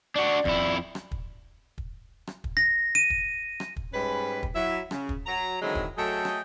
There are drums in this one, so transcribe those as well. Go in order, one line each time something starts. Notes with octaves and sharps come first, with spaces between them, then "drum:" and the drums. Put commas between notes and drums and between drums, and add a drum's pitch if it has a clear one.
D4 F#4 D5
F2 E4, drum: kick
drum: rim click
drum: kick
drum: kick
drum: rim click
drum: kick
A#6
D#7
drum: kick
drum: rim click
drum: kick
G#2 G3 G#3 C#4 B4
drum: kick
F#3 E4 E5
C#3, drum: rim click
drum: kick
F#3 A#5
D3 D#3 F#3 G#3 C4 E4
drum: kick
F#3 A3 G#4 A4 D#5 G5
drum: rim click